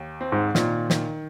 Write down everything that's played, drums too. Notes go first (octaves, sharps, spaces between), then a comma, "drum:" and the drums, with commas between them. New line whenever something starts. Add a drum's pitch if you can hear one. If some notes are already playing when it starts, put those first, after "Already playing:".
Already playing: D#2
C4
G#2
A#2 D#3, drum: snare
D#3, drum: snare